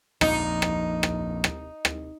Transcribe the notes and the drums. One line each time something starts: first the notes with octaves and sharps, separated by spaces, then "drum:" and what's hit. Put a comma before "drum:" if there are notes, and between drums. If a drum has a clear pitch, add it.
A#1 F2 A#2 D#4, drum: rim click
drum: rim click
drum: rim click
drum: rim click
drum: rim click